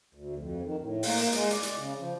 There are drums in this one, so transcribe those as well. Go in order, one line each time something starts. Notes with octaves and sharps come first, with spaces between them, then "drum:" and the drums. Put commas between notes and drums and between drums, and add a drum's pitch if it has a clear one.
D2
F2
D#3
A2
A#3, drum: open hi-hat
drum: hi-hat
G#3, drum: hi-hat
D5, drum: hi-hat
drum: hi-hat
C#3
F3